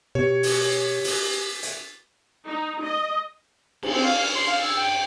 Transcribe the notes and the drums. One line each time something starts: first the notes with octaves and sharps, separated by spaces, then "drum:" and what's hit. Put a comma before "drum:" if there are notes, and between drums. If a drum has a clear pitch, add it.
B2 G4 C#5
drum: open hi-hat
drum: open hi-hat
drum: hi-hat
D#4
D#5
drum: cymbal
C4
F5
F6
C6
F5
E6
G5